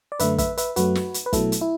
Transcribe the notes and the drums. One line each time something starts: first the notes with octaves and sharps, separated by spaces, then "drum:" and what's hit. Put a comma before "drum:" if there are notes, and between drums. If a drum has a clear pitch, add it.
D5
F#2 D3 A3 B4 E5, drum: hi-hat
B4 E5, drum: kick, hi-hat
B4 E5, drum: hi-hat
F#2 F#3 A3 F#4 B4, drum: hi-hat
drum: snare
drum: hi-hat
B4
B2 F#3 A3 E4 A4, drum: kick, hi-hat
drum: hi-hat
E4